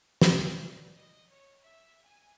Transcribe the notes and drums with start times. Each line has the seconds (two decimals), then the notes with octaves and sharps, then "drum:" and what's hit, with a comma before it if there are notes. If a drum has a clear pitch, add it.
0.22 D#4, drum: snare
0.56 D5
0.96 D#5
1.30 C#5
1.61 E5
2.05 G#5